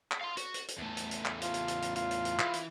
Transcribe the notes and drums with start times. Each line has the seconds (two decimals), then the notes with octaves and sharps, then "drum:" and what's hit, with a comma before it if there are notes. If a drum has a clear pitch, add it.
0.11 drum: clap
0.21 F5 C6
0.37 F#4, drum: hi-hat
0.54 drum: hi-hat
0.68 drum: hi-hat
0.78 E2 A3
0.97 drum: hi-hat
1.11 drum: hi-hat
1.25 drum: clap
1.42 F4, drum: hi-hat
1.54 drum: hi-hat
1.68 drum: hi-hat
1.82 drum: hi-hat
1.96 F4, drum: hi-hat
2.11 drum: hi-hat
2.25 drum: hi-hat
2.39 E3, drum: clap
2.53 drum: hi-hat